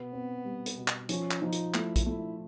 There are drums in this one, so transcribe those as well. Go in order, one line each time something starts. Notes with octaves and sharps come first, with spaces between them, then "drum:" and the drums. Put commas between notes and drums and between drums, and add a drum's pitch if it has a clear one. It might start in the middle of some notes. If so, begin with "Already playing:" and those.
Already playing: B2 B3
C4
G3
drum: hi-hat
B2
drum: clap
F3 C#4, drum: hi-hat
drum: clap
F3 D#4
drum: hi-hat
A3 E4, drum: clap
drum: kick, hi-hat
A3 E4